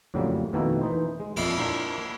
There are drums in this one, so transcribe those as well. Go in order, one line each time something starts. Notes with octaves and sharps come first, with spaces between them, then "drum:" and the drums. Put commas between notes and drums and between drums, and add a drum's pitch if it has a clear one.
F2 A2 C#3 F#3 G3 A#3
F2 B2 D#3 A3 A#3 E4
E3 D#4 C5
G#3
F2 A#2, drum: cymbal
A#3 D4 E4 F4 A#4 G5